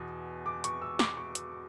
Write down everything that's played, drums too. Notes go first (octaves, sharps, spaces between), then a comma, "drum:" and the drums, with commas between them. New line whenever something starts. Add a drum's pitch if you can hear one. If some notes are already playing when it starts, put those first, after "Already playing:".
Already playing: E2 B2
D6
C#6, drum: hi-hat
E6
D6, drum: snare
C#6
drum: hi-hat